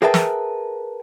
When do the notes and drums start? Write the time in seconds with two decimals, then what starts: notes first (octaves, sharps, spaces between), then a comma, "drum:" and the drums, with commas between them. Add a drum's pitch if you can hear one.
0.02 G#4 A#4 B4 E5 G5 A5
0.14 drum: snare